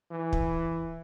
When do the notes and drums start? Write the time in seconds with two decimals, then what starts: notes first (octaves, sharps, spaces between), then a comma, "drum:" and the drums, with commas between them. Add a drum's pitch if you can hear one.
0.11 E3
0.33 drum: kick